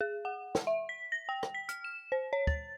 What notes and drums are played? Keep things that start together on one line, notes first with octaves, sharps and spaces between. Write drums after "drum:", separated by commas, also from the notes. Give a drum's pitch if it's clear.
G#4
F#5
drum: snare
E5
B6
A#6
G5
drum: rim click
B6
F6, drum: hi-hat
E7
C5
C#5
A6, drum: kick